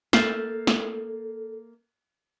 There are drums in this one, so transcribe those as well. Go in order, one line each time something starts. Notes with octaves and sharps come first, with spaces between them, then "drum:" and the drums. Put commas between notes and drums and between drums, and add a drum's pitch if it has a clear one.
A#3 A4 E5 F6 G6 A6 C7, drum: snare
drum: snare